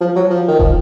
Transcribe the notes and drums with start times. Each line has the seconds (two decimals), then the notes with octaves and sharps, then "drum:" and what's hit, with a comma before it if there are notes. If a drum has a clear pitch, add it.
0.01 F3
0.16 F#3
0.30 F3
0.48 D#3
0.59 F3, drum: kick